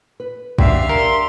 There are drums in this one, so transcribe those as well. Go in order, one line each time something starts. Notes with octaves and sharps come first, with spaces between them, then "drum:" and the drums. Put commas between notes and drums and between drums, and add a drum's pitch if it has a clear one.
B4
D2 D4 G4 E5 F5 G5, drum: kick
A#4 C6